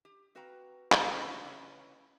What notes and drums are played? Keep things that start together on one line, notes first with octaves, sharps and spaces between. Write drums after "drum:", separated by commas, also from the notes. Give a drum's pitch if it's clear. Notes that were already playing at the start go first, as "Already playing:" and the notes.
G4
C4 F#4 B4 F5 G5 A#5
drum: clap
D3 E3 F#3 G#3 C#4 D#4
C#3 C#4 E4 B4 C#5